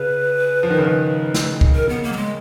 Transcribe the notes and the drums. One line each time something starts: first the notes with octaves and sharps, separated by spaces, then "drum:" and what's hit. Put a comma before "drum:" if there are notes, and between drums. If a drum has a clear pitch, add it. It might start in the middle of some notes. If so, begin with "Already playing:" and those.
Already playing: C#3 B4
F3
D#3
C#3
D#3
drum: snare
drum: kick C2
A#4
B3
A#3
F#3
G#3